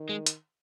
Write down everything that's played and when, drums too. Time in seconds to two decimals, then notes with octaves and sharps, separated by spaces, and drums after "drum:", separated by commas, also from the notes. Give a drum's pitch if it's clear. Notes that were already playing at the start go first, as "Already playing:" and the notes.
Already playing: D#3
0.09 G#3
0.26 drum: hi-hat